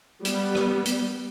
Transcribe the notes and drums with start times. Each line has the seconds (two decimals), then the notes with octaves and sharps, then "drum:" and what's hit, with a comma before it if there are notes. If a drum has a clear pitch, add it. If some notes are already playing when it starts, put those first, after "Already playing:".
0.25 G3 B3, drum: hi-hat
0.55 drum: rim click
0.85 drum: hi-hat